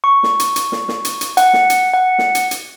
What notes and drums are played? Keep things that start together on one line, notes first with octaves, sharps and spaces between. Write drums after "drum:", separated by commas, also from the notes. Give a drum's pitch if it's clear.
C#6
drum: snare
drum: hi-hat
drum: hi-hat
drum: snare
drum: snare
drum: hi-hat
drum: hi-hat
F#5, drum: hi-hat
drum: snare
drum: hi-hat
F#5
drum: snare
drum: hi-hat
drum: hi-hat